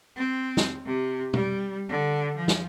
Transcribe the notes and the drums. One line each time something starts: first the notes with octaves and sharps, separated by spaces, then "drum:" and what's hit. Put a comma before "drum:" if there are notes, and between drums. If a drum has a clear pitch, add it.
C4
drum: snare
C3
G3, drum: tom
D3
F3
drum: snare